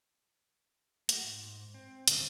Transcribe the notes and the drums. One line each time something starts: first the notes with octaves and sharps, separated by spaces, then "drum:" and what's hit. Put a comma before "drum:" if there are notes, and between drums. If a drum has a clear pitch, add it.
A3 A#3 F#4, drum: hi-hat
G#2
C4
B2 D3 D#3 G3 C4 C#4, drum: hi-hat